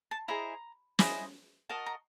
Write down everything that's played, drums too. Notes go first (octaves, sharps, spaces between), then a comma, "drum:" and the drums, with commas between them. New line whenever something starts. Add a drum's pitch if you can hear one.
A5
E4 G#4 C5 D#5 A#5
E4 G#4 C5 D#5, drum: snare
F#4 A#4 D#5 A5
A#5